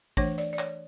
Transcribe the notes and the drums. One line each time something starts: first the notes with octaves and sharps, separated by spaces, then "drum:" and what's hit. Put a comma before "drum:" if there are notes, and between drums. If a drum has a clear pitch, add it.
E3 A3 D4 C#5, drum: kick, hi-hat
D5, drum: hi-hat
D5
C#5, drum: clap